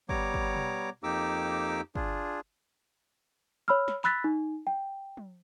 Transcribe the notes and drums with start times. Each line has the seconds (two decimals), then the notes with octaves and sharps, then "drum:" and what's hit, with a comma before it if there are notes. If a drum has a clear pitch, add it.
0.09 G3 B3 C#5 A#5 D6, drum: kick
0.34 drum: kick
0.55 drum: tom
1.03 F2 A#3 D#4 G4 D6 E6
1.95 D4 F4 G#4, drum: kick
3.68 C#5 B5 E6 F6
3.88 drum: snare
4.04 B5 E6 F#6 A6 B6, drum: clap
4.24 D#4
4.67 G5
5.17 drum: tom